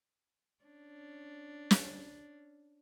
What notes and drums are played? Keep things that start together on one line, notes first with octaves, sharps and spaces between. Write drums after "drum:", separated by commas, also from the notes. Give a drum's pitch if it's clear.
C#4 D4
drum: snare